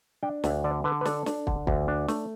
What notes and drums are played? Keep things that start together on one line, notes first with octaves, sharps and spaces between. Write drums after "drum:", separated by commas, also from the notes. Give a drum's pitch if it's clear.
D4 G5
D2 E5, drum: snare
D3 D5
D3 B4
B4
D4 A4, drum: snare
D4, drum: snare
D3, drum: kick
D2, drum: kick
D4
A3, drum: snare